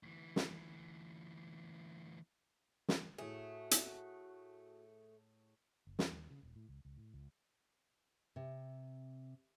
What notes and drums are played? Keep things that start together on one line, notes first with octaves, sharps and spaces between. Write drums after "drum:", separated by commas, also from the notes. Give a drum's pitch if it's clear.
D2 E3
drum: snare
drum: snare
A2 A3 F#4 G#4
drum: hi-hat
F#1
E2, drum: snare
D#2
C#3
D#1
A2
C#2
C#2
A2
C#2
C3